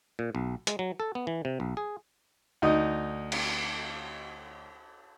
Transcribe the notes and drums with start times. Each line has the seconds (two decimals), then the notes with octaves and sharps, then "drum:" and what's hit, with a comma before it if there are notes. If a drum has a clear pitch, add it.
0.19 A#2
0.35 B1
0.67 G#3, drum: hi-hat
0.79 F#3
1.00 A4
1.15 B3
1.27 E3
1.45 C3
1.60 B1
1.77 G#4
2.62 D2 D#4 D#5
3.32 drum: cymbal